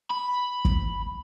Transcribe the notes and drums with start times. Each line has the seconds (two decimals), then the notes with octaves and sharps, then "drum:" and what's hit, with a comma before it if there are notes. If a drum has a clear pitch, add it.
0.10 B5
0.65 drum: kick